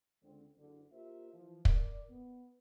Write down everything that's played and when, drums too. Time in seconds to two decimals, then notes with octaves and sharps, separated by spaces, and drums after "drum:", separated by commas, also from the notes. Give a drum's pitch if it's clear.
0.22 C#2 D3 C4
0.57 F#1 D3
0.92 A#3 F4 G4 A#4 C5 E5
1.32 E3 F3
1.65 A#4 D5, drum: kick
2.10 B3